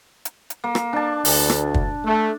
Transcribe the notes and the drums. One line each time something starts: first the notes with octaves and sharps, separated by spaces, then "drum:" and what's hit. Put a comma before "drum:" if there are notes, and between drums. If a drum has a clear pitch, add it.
drum: hi-hat
drum: hi-hat
A#3
drum: rim click
D4 A5
D2, drum: open hi-hat
drum: rim click
drum: kick
A3